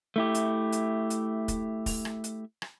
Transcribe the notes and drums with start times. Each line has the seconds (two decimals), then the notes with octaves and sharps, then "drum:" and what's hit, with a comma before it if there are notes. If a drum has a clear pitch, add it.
0.16 A3 E4 G4
0.35 drum: hi-hat
0.73 drum: hi-hat
1.10 drum: hi-hat
1.48 drum: kick, hi-hat
1.86 drum: kick, open hi-hat
2.05 drum: rim click
2.24 drum: hi-hat
2.62 drum: rim click